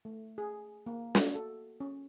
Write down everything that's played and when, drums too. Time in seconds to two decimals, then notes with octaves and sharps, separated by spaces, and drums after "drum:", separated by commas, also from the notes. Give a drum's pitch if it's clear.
0.05 A3
0.38 G#4
0.86 A#3
1.15 F#4, drum: snare
1.35 A4
1.80 C#4